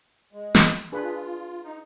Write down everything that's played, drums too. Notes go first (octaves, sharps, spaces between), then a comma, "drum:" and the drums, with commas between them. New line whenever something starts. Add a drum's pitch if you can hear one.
G#3
drum: snare
D4 F4 G#4 B4
D#4